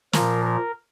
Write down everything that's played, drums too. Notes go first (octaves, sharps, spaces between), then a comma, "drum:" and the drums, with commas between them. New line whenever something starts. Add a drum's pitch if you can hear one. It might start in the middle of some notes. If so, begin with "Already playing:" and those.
A#2 F3 A#4, drum: snare
A#4